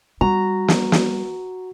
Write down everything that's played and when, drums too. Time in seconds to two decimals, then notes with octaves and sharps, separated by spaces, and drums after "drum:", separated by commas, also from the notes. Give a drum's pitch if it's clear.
0.21 G3 F#4 A#5
0.68 drum: snare
0.92 drum: snare